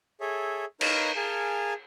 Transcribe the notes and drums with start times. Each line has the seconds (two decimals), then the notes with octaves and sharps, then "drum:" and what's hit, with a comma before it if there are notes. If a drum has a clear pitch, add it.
0.21 G#4 A4 C#5 E5
0.81 D#4 A#4 B4 C#5 F5 A#5, drum: cymbal
1.16 G#4 A#4 F5 G#5 A5